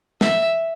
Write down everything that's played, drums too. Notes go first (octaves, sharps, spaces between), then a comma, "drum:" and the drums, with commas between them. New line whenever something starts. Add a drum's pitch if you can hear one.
E5, drum: snare